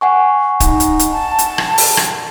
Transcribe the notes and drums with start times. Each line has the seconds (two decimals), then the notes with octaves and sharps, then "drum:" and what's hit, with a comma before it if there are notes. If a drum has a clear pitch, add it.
0.01 F#5 G#5 C#6
0.60 D#4, drum: kick, hi-hat
0.80 drum: hi-hat
0.99 drum: hi-hat
1.12 A5
1.39 drum: hi-hat
1.58 drum: rim click
1.78 drum: open hi-hat
1.97 drum: rim click